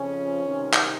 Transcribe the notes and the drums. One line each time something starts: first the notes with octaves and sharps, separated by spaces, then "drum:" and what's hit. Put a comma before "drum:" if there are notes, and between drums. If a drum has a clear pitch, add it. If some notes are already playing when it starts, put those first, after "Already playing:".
Already playing: F2 C#3 F3 C#4
C2 C3 D#3
drum: clap